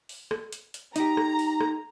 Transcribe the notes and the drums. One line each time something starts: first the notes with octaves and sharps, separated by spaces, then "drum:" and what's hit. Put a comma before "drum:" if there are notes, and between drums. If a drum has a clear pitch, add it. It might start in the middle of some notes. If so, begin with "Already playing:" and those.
drum: open hi-hat
drum: rim click
drum: hi-hat
drum: hi-hat
D#4 G4 A#5, drum: hi-hat
drum: rim click
drum: open hi-hat
drum: rim click